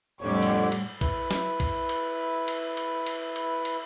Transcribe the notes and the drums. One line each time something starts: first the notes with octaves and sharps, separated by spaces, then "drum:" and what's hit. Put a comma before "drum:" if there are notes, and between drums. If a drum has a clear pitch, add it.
F2 A2 D3 G3 G4 C#5 D5
drum: cymbal
drum: cymbal
E4 B4, drum: kick A#1, cymbal
drum: snare
drum: kick A#1, cymbal
drum: cymbal
drum: cymbal
drum: cymbal
drum: cymbal
drum: cymbal
drum: cymbal